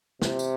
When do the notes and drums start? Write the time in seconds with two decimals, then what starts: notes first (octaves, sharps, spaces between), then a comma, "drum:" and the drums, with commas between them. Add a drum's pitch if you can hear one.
0.22 C3, drum: snare
0.39 drum: tambourine